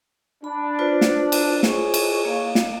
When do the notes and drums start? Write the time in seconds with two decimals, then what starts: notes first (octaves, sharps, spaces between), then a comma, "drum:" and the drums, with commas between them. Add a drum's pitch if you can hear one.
0.44 D4 B5
0.79 F4 B4 C5
1.01 drum: snare
1.32 drum: cymbal
1.63 G#4 C#5, drum: snare
1.94 drum: cymbal
2.25 A#3 F5
2.55 drum: snare